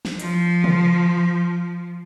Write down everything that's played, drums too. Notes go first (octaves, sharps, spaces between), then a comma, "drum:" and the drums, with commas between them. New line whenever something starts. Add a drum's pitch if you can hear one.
drum: snare
F3, drum: hi-hat
drum: tom